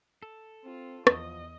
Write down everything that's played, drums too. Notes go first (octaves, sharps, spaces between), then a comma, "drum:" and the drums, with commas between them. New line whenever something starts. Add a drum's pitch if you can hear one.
A4
C4 F4
E2 F3 D#5, drum: rim click